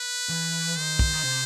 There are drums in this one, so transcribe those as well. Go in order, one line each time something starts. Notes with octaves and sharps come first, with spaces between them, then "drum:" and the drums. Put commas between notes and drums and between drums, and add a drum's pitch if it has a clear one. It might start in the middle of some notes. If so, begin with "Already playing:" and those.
Already playing: B4
E3
D#3 C5
drum: kick
D#3
C3